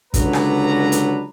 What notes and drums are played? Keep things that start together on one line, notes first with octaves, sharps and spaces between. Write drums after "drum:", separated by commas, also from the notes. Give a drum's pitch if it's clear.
C#2 D3 F#3 D4 B4 A#5, drum: kick, hi-hat
drum: rim click
drum: hi-hat